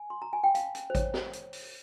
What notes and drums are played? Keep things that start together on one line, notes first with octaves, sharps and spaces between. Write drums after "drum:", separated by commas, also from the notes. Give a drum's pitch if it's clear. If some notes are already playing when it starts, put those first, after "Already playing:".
Already playing: G#5
C6
A#5
G#5
G5
F5, drum: hi-hat
drum: hi-hat
C5
C#5, drum: kick A1, hi-hat
drum: snare
drum: hi-hat
drum: open hi-hat